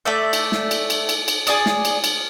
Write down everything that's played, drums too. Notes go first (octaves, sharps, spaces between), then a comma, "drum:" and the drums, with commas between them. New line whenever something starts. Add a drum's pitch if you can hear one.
A3 D5 E5 G6
drum: cymbal
drum: snare
drum: cymbal
drum: cymbal
drum: cymbal
drum: cymbal
G#4 D5 D#6, drum: cymbal
drum: snare
drum: cymbal
drum: cymbal